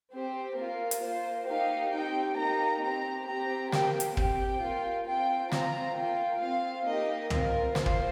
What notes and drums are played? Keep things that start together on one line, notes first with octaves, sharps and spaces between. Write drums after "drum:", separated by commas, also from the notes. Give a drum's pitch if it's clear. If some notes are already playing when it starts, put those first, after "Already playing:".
C4 G4 C5
A#3 F4 A#4
drum: hi-hat
A#3 F4 C5
A#3 D#4 G4 F5
C4 D#4 G4 G5
A#3 D#4 G4 A#5
C4 G4 A#5
C4 G4 A#5
A#3 G4 G5, drum: snare
drum: hi-hat
C4 G4 G5, drum: kick
A#3 F4
C4 F4 G5
C4 F4 A#5, drum: snare
A#3 F4 G5
C4 F4 F5
A#3 D#4 G4 D#5
C4 F4 A#4, drum: tom
A#3 F4 C5, drum: snare
drum: kick